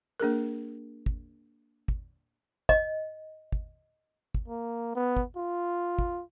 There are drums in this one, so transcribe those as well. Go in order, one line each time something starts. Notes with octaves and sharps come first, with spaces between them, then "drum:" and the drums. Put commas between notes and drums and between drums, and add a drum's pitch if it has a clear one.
A#3 D4 G#4 A#4
drum: kick
drum: kick
D#5, drum: kick
drum: kick
drum: kick
A#3
B3
drum: kick
F4
drum: kick